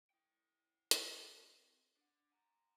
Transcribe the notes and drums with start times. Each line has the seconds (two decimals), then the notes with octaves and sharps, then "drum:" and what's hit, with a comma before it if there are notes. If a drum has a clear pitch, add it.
0.10 E4 G5
0.91 drum: hi-hat
1.17 D#3 C4
1.97 D4 F#5
2.32 G#5 A#5